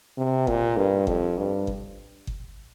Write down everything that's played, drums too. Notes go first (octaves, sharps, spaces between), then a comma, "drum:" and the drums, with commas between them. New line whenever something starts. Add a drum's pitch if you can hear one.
C3
A#2, drum: kick G1
G2
F2, drum: kick G1
G2
drum: kick G1
drum: kick G1